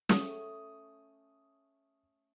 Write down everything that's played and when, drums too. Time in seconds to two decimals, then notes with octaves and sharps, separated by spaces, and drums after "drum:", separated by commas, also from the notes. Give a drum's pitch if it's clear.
0.09 A3 C#4 D#6, drum: snare